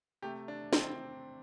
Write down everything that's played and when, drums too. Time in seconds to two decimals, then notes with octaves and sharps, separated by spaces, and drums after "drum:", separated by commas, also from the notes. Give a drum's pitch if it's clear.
0.22 C3 A3 G4
0.48 D4
0.73 C4, drum: snare